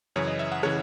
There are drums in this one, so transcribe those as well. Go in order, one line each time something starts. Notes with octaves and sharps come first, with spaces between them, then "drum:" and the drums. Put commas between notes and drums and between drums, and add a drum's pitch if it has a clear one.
F#2 C#3 E3 C#5
D#5
E5
F#5
C#3 E3 C#5, drum: rim click